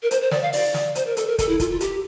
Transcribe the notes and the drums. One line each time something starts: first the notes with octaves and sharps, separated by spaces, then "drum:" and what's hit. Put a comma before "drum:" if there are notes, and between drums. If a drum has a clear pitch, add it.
A#4
C5, drum: hi-hat
C5
D5, drum: snare
F5
D5, drum: open hi-hat
drum: snare
C5, drum: hi-hat
A#4
A4, drum: hi-hat
A#4
A4, drum: kick, hi-hat
E4
F4, drum: kick, hi-hat
F4
G4, drum: hi-hat